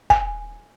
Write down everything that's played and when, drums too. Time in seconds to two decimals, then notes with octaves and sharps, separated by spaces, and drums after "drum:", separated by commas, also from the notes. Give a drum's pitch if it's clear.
0.10 G#5, drum: kick